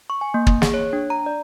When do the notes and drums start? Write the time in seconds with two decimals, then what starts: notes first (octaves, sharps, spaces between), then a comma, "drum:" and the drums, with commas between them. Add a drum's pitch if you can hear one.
0.10 C#6
0.21 G#5
0.34 A#3
0.47 A#3, drum: kick
0.62 G#4, drum: snare
0.74 C#5
0.93 D4
1.10 A#5
1.26 D5